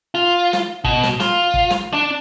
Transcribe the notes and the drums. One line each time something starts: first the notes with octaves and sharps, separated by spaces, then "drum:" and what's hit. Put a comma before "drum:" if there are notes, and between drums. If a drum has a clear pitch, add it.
F4
drum: snare
B2, drum: kick
drum: snare
F4, drum: snare
drum: kick
drum: snare
D4